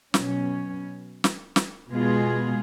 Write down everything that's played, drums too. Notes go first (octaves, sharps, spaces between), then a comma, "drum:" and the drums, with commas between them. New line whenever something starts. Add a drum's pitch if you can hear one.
B2 F#3 C#4, drum: snare
drum: snare
drum: snare
B2 G#3 B3 F4 G#4